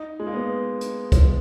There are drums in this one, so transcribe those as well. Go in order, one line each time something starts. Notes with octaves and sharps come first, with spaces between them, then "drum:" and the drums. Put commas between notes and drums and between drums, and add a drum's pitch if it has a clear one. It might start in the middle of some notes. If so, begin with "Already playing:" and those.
Already playing: D#4
G#3
A#3
B3
drum: hi-hat
drum: kick C2, hi-hat